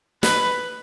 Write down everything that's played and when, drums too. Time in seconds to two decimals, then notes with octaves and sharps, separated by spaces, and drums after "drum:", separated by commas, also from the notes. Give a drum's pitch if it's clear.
0.23 B4, drum: snare